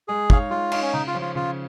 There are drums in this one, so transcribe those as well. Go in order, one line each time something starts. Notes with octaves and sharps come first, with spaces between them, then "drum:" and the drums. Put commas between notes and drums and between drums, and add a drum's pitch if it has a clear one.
G#3 G#4
D#4 C#5 F5, drum: kick
G#3 F4
D#4 C#5 F5, drum: cymbal
C#4
C#3 D#4
F4
F3 C#4
F4
C#3 F4